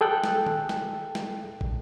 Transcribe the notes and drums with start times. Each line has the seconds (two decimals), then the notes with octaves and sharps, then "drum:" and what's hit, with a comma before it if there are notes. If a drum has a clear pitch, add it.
0.01 G#4 A4 G5 F#6
0.24 drum: snare
0.46 drum: tom D#3
0.69 drum: snare
1.15 drum: snare
1.61 drum: kick